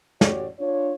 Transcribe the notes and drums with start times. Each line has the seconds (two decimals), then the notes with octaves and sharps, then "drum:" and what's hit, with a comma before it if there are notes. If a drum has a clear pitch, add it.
0.21 A1 F#4 G4 C#5 D5, drum: snare
0.59 D4 F4 C#5